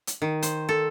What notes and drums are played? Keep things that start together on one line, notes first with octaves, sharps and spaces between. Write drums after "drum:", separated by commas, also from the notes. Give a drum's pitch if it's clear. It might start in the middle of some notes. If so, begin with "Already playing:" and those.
drum: hi-hat
D#3
C5, drum: hi-hat
A4